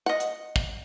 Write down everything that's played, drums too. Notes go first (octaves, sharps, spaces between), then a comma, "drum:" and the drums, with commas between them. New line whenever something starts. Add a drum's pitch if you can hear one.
D#5 F#5
drum: hi-hat
drum: kick